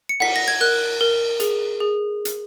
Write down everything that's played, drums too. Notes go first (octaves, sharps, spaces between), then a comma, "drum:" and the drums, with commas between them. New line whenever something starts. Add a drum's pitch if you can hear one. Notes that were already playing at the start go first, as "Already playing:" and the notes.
C#7
F#5 B6, drum: cymbal
A#6
G#6
A#4 F#6
A#4
G#4, drum: hi-hat
G#4
drum: hi-hat